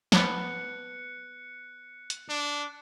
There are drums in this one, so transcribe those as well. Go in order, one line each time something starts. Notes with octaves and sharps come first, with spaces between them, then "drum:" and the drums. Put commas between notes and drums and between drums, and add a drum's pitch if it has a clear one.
B3 A5 F#6 C#7, drum: snare
drum: hi-hat
D4